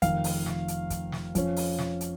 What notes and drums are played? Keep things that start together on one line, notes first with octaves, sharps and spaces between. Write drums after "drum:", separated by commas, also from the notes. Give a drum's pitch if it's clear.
F1 F2 D#3 F5, drum: kick, hi-hat
drum: open hi-hat
drum: snare
drum: hi-hat
drum: kick, hi-hat
drum: snare
F2 F3 C#4, drum: kick, hi-hat
drum: open hi-hat
drum: snare
drum: hi-hat